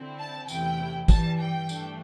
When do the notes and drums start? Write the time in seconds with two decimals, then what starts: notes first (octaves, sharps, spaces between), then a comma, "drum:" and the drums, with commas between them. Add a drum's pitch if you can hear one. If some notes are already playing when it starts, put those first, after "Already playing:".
Already playing: D3 C4 E4
0.19 A5
0.48 E2 C3 A3 E4 G5, drum: tambourine
1.08 G2 E3 G3 A5, drum: kick, tambourine
1.39 G5
1.69 G2 E3 A3 D4, drum: tambourine